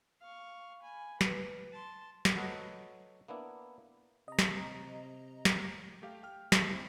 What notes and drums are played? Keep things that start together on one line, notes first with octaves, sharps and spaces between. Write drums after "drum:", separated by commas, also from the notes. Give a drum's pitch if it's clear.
F5 C#6
G#5 B5
B4, drum: snare
A5 C6
drum: snare
F#3 F#4 A4 B4 D#5
A#3 B3 D4 E4
C3 D#5 A#5
drum: snare
drum: snare
A3 G4 F5
G5 F6
drum: snare
C4 E4